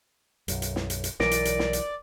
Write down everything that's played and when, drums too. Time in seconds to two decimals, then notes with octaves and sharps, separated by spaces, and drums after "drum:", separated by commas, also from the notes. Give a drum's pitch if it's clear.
0.48 B1 F#2, drum: hi-hat
0.62 drum: hi-hat
0.76 drum: snare
0.90 drum: hi-hat
1.04 drum: hi-hat
1.20 B1 E3 F#3 A#4 D5 A#6 D7, drum: snare
1.31 drum: hi-hat
1.45 drum: hi-hat
1.59 drum: snare
1.73 drum: hi-hat